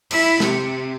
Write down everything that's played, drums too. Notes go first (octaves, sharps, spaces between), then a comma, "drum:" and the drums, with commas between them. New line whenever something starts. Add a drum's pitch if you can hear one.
E4, drum: cymbal
C3, drum: snare